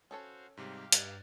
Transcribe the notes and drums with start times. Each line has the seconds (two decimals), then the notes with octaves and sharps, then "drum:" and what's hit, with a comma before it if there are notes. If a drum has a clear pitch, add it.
0.11 C#4 F#4 A4 C5 C#5 F5
0.57 G#2 C3 G3 G4 F5
0.92 G2 D#4 F#6 G#6 A6, drum: hi-hat